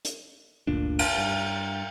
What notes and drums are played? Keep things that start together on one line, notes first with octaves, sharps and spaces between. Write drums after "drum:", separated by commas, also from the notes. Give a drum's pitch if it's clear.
drum: hi-hat
G1 D2 A#2 D4
drum: cymbal
G2